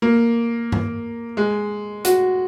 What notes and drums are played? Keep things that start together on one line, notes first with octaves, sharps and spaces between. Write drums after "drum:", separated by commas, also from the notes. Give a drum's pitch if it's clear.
A#3
drum: tom G2
G#3
F#4, drum: hi-hat